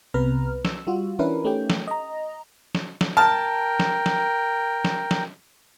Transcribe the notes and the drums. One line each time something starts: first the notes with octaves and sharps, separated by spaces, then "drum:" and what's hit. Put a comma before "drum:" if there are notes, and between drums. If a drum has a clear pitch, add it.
C2 C3 B3 B4 A#5 F6
E6, drum: snare
G3 F4 F#4
E3 C#4 D4 E4 A#4 B4
A3 C#4 D#4 G4 G5
drum: snare
D#5 A#5
drum: snare
drum: snare
A#4 G5 A5 F6
drum: snare
drum: snare
drum: snare
drum: snare